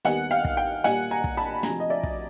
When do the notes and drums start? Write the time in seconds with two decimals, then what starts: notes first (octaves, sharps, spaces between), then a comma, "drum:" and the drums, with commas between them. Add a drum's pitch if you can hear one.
0.05 D#2 D#3 G3 B3 F#5 G#5, drum: snare
0.31 F5 G5
0.44 drum: kick
0.57 F5 G5
0.84 A#2 G3 A#3 F#5 G#5, drum: snare
1.11 G#5 A#5
1.24 drum: kick
1.37 A5 B5
1.63 D2 C3 F3 G#5 A#5, drum: snare
1.80 D#5
1.90 D5 E5
2.03 drum: kick